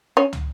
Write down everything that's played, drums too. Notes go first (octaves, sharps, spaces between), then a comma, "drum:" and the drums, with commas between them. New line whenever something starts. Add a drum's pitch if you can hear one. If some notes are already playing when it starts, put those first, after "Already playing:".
C#4
drum: tom